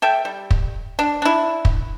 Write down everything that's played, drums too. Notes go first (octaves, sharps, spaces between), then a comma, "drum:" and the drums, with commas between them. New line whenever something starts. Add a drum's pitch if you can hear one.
A4 E5 G5
G3
drum: kick
D4
D4 E4
drum: kick